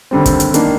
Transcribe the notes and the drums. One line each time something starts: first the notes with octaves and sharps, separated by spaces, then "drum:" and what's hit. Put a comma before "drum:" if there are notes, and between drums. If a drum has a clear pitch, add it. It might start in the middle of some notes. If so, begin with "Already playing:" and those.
D#2 D3 G3 C4
drum: kick, hi-hat
drum: hi-hat
D#3 A#3 D4, drum: hi-hat